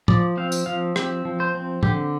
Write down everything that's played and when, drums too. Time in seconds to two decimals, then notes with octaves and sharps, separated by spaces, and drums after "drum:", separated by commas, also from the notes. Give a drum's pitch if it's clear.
0.08 F3 D5, drum: tom
0.37 C4 F5
0.52 drum: tambourine
0.66 F3 F5
0.96 C4 G4, drum: rim click
1.25 F3
1.40 C5
1.55 C4
1.83 D3 G4, drum: tom